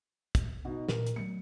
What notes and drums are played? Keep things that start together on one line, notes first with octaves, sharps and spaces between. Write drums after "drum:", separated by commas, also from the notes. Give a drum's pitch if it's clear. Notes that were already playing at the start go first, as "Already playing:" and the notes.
drum: kick, hi-hat
B2 D#4
A#2 A#4, drum: snare
drum: hi-hat
F#3 A3 B3 C#7